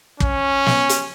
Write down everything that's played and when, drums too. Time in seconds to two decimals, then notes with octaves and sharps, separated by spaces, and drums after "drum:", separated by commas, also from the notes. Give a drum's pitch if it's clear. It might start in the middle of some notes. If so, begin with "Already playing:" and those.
0.20 C#4, drum: kick
0.66 drum: snare
0.89 drum: hi-hat